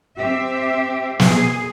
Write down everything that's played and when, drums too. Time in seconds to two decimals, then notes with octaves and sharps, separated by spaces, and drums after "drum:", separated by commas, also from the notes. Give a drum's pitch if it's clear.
0.18 C4 G4 E5
1.20 G#4, drum: snare